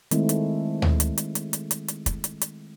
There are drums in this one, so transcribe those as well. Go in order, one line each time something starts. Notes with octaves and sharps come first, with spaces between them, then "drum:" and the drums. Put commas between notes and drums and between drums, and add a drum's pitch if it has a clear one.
D#3 G#3 A3 C4 E4, drum: hi-hat
drum: hi-hat
drum: tom
drum: hi-hat
drum: hi-hat
drum: hi-hat
drum: hi-hat
drum: hi-hat
drum: hi-hat
drum: kick, hi-hat
drum: hi-hat
drum: hi-hat